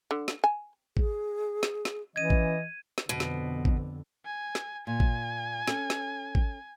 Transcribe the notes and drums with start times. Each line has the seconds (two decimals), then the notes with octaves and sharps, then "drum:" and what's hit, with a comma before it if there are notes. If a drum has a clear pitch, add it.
0.11 D3
0.28 drum: snare
0.44 G#5
0.97 G#4, drum: kick
1.63 drum: snare
1.85 drum: snare
2.16 E3 C#4 D#5 G#6 D#7
2.30 drum: kick
2.98 drum: snare
3.09 F2 B2 D3
3.20 drum: snare
3.65 drum: kick
4.25 G#5
4.55 drum: snare
4.87 A#2 G#5
5.00 drum: kick
5.68 C#4 A4, drum: snare
5.90 drum: snare
6.35 drum: kick